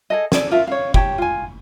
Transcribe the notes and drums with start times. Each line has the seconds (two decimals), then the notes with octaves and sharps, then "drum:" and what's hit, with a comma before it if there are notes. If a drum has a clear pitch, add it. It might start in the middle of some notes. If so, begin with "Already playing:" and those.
0.10 G#4 A4 D#5
0.32 G#4 A4 D5, drum: snare
0.51 F4 A#4 E5 A5
0.67 C#5 F5
0.94 G4 C#5 A5, drum: kick
1.18 F4 G#5